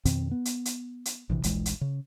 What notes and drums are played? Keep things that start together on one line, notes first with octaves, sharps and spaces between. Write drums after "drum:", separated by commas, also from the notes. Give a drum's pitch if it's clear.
F2 B2 D#3 C4, drum: hi-hat
B3
drum: hi-hat
drum: hi-hat
drum: hi-hat
A#1 C3 E3
D#1 A#1 E3 G#3, drum: hi-hat
drum: hi-hat
C#3